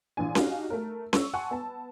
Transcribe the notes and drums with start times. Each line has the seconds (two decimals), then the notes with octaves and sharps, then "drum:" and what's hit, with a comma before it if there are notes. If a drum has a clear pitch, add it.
0.17 A#1 E3 D4 G#5
0.35 D4 D#4 F#4 G4 F5 G#5, drum: snare C#4
0.70 A3 A#4
1.13 C#6 E6, drum: snare C#4
1.34 F#5 G#5 A5 C6 C#6
1.51 B3 A5